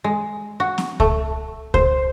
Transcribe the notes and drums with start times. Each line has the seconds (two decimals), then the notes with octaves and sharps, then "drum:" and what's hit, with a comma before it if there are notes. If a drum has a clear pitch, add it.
0.04 G#3
0.60 F#4
0.78 drum: snare C4
1.00 A3, drum: kick C#2
1.74 C5, drum: kick C#2